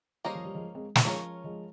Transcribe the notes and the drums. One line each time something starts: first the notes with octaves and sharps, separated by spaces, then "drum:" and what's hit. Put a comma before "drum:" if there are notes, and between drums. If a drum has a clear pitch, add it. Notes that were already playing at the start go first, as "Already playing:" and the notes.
G3 A#3 C#4 G#4 C5 D#5
F3
G3
F3 G#3
G#3 C4
A#3, drum: snare
F3 G#3 C#4 F4 A#4 C#5
F3 G#3